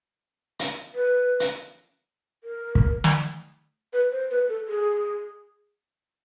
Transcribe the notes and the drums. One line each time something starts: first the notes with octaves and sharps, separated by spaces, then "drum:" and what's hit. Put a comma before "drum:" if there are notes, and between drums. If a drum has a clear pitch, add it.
drum: hi-hat
B4
drum: hi-hat
A#4
drum: kick
drum: snare
B4
C5
B4
A4
G#4